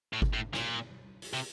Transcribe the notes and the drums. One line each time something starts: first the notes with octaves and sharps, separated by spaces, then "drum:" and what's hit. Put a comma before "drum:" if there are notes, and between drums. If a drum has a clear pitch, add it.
A2
drum: kick G1
A2
A#2, drum: snare
drum: open hi-hat
C3